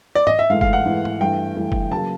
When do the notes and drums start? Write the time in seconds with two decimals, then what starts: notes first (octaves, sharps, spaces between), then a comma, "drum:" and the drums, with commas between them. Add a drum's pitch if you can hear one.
0.15 D5
0.27 D#5, drum: tom G#2
0.39 E5
0.50 G#2 E3 A3 F5
0.61 F5, drum: kick F#1
0.73 F#5
0.85 G#2 E3 A3
1.05 drum: tom G#2
1.21 G2 E3 A3 G5
1.57 G2 E3 A3
1.72 drum: kick F#1
1.91 C#3 F#3 A#3 A5